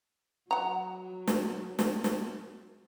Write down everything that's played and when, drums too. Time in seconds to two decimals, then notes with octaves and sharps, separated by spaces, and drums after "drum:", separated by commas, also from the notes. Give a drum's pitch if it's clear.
0.51 F#3 F#5 A#5
1.27 drum: snare
1.79 drum: snare
2.04 drum: snare